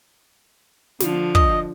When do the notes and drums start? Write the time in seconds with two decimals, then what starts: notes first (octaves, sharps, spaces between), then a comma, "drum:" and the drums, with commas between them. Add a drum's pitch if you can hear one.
1.00 D3 F3, drum: snare
1.35 D#5, drum: kick